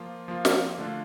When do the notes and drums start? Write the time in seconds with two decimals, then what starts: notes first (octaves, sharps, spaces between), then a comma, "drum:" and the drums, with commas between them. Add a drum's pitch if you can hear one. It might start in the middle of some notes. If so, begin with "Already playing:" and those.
Already playing: F3 A#3 F4
0.28 F3 A#3 F4
0.45 drum: snare
0.78 D3 A3 D4 F4